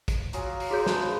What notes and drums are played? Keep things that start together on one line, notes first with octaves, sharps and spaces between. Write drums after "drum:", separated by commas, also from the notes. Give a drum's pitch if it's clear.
drum: kick, hi-hat
F#3 F4 G#4, drum: hi-hat
drum: open hi-hat
F#4 G#4 C#5 D5
F3 B3, drum: snare